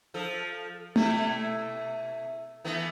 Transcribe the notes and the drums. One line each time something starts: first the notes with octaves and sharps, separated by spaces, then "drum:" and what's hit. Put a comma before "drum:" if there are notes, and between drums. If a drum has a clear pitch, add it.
F3 A4
B2 A3 E4, drum: tom A3
E3 A3 B3